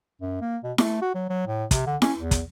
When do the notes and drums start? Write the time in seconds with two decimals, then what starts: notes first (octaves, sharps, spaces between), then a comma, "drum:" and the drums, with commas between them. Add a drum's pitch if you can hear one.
0.21 F#2
0.41 A#3
0.64 B2
0.78 A3, drum: snare E4
1.02 F#4
1.14 F#3
1.29 F#3
1.47 A2
1.71 C3, drum: kick, hi-hat
1.86 D3
2.02 C#4, drum: snare E4
2.17 E2
2.31 drum: kick, hi-hat